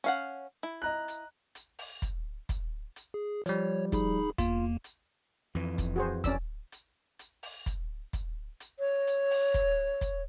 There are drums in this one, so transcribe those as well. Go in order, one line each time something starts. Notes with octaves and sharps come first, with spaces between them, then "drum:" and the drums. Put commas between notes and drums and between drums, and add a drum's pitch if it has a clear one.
C#4 F5 F#5
E4
D#5 A#5 F#6
drum: hi-hat
drum: hi-hat
drum: open hi-hat
drum: kick, hi-hat
drum: kick, hi-hat
drum: hi-hat
G#4
F3 G3 C#5, drum: hi-hat
D#4 G#4 B5, drum: kick, hi-hat
E2 A#3 F4, drum: kick, hi-hat
drum: hi-hat
F2 E3
drum: kick, hi-hat
F#4 G#4 C5
C#4 D5 E6, drum: kick, hi-hat
drum: hi-hat
drum: hi-hat
drum: open hi-hat
drum: kick, hi-hat
drum: kick, hi-hat
drum: hi-hat
C#5
drum: hi-hat
drum: open hi-hat
drum: kick, hi-hat
drum: kick, hi-hat